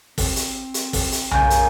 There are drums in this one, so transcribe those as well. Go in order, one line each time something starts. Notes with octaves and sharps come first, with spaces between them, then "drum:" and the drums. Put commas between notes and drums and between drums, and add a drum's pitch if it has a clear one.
C4, drum: kick, open hi-hat
drum: hi-hat
drum: hi-hat
drum: kick, open hi-hat
drum: hi-hat
G#3 A#3 C#4 G#5 G6, drum: tom B1
drum: hi-hat